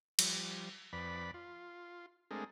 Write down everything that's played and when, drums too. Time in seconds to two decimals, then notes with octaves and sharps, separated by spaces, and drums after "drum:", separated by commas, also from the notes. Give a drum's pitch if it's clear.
0.19 F3 G3, drum: cymbal
0.93 F2 B4 D5 B5
1.34 F4
2.31 G#3 A3 C4 D4 G#4 A#4